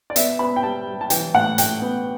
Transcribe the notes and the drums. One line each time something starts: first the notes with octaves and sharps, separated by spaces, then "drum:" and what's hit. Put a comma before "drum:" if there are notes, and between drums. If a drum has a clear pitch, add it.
D5
B3 E5, drum: hi-hat
B3 B5
G5
G3 A5
G3
A5
E3 G5, drum: hi-hat
A2 F#5
A2 G5, drum: hi-hat
B3